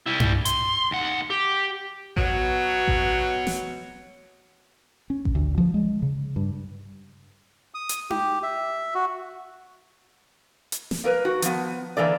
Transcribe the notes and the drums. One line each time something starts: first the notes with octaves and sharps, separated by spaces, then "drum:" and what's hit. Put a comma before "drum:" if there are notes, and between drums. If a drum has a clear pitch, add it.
G3 E4
drum: tom G2
C6, drum: hi-hat
D#2 F#5
G4
B2 F#3, drum: kick A1
drum: kick A1
drum: snare
C#4
drum: kick A1
D2
F3
G#3
C#3
G2
D#6
drum: hi-hat
G4, drum: tom D#4
E5
F#4
drum: hi-hat
drum: snare
A#3 A#4 B4
F#4
F3 B3, drum: hi-hat
D3 E3 A#3 A4 D5